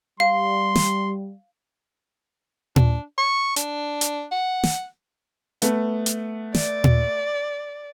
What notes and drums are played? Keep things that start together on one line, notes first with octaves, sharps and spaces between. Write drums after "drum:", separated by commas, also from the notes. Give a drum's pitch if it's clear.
G3 F5 C6
drum: snare
D4, drum: tom A#2
C#6
D4, drum: hi-hat
drum: hi-hat
F#5
drum: snare
A3 B3, drum: hi-hat
drum: hi-hat
D5, drum: snare
drum: tom A#2